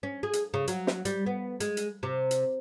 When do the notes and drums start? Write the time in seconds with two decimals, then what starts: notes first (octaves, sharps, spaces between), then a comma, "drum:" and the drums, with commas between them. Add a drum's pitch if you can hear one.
0.03 C#4
0.23 G#4
0.33 drum: hi-hat
0.54 C#3
0.68 F#3, drum: hi-hat
0.87 drum: snare
1.05 G3, drum: hi-hat
1.26 B3
1.60 G#3, drum: hi-hat
1.77 drum: hi-hat
2.03 C3
2.31 drum: hi-hat